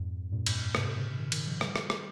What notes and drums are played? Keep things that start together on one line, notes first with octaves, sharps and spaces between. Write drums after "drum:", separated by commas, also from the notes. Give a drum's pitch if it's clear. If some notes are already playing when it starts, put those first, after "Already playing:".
Already playing: F2 G#2
G2 A#2
G2 A#2, drum: cymbal
G2 A#2
G#2 C3, drum: rim click
A#2 C#3
C3 D#3
C3 D#3, drum: cymbal
C#3 F3
D#3 G3, drum: rim click
drum: rim click
drum: rim click